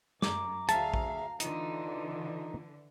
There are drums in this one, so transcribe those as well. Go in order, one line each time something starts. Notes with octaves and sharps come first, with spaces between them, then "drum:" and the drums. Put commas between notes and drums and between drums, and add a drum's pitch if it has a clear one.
F#2 A#5 D6, drum: snare
D2 G#4 E5 F5 A5, drum: hi-hat
drum: kick A#1
D3 E3 D#4 F4, drum: hi-hat